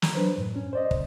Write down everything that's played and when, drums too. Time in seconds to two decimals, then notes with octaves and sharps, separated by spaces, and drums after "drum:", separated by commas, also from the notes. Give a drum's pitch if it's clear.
0.02 A#5, drum: snare
0.15 F#3 D4 B4 C5
0.38 F#2 A2
0.56 C#4
0.73 C5 D5 D#5
0.91 drum: kick